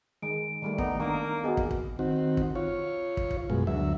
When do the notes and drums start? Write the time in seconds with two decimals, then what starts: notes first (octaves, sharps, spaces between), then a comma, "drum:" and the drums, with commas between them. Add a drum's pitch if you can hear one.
0.22 D#3 G#3 D7
0.62 D#3 G3 A3
0.78 B3 D#4, drum: kick
1.00 D#3 A#3 D4 D#4
1.44 B3 F#4 G#4 D#5
1.57 drum: kick
1.71 drum: kick
1.99 D#3 C4 F#4
2.37 drum: kick
2.55 F4 C#5
3.17 drum: kick
3.31 drum: kick
3.50 F#2 B2 G#3
3.67 D2 F#3 E5